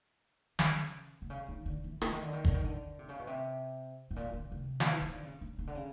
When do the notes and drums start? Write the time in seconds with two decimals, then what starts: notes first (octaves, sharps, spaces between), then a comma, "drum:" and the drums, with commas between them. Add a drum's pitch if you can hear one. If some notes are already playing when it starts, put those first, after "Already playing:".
0.59 C#3, drum: snare
1.22 C3
1.30 C#3
1.48 D#3
1.66 D3
1.84 E3
2.01 D3, drum: rim click
2.12 D#3
2.23 D3
2.33 D#3
2.44 D3, drum: kick G1
2.54 D#3
2.65 D3
2.99 C3
3.09 C#3
3.19 B2
3.27 C3
4.11 A2
4.16 A#2
4.33 D3
4.52 C3
4.80 F3, drum: snare
4.91 E3
5.01 D#3
5.12 D3
5.23 C#3
5.41 D3
5.59 C#3
5.67 D3
5.75 C#3